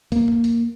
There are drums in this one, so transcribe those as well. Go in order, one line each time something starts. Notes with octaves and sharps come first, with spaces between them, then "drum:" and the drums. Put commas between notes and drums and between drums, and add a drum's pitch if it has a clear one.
A#3, drum: kick, hi-hat
drum: tom E2
drum: hi-hat